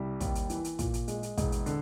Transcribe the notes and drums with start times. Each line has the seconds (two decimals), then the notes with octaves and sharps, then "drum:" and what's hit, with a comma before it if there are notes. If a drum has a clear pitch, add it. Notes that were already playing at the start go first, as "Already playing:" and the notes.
Already playing: C2 G3
0.21 D#2, drum: kick, hi-hat
0.35 drum: hi-hat
0.49 E3, drum: hi-hat
0.64 drum: hi-hat
0.79 A#2, drum: kick, hi-hat
0.94 drum: hi-hat
1.08 G#3, drum: hi-hat
1.23 drum: hi-hat
1.38 E1, drum: kick, hi-hat
1.52 drum: hi-hat
1.66 D3, drum: hi-hat